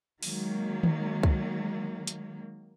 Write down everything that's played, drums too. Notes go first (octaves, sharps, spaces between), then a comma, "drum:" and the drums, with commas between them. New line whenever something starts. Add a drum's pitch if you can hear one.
D#3 F#3 G#3 A#3, drum: open hi-hat
drum: tom D#3
drum: kick C2
drum: hi-hat